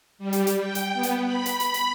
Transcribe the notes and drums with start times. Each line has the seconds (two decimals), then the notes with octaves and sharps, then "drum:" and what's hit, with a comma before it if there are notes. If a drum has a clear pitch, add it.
0.18 G3
0.33 drum: hi-hat
0.47 drum: hi-hat
0.59 G5
0.75 drum: hi-hat
0.93 B3
1.03 drum: hi-hat
1.24 B5
1.46 drum: hi-hat
1.60 drum: hi-hat
1.74 drum: hi-hat